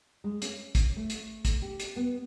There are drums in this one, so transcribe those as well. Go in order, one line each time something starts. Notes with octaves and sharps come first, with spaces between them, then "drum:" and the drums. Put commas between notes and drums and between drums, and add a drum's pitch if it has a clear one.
G#3
C#4, drum: hi-hat
drum: kick, hi-hat
A3
drum: hi-hat
drum: kick, hi-hat
G4
drum: hi-hat
B3